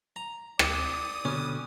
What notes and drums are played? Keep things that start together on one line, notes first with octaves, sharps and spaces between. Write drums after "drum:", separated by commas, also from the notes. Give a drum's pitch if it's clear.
A#5
D5 D#6, drum: rim click
B2 D3 G3 C#4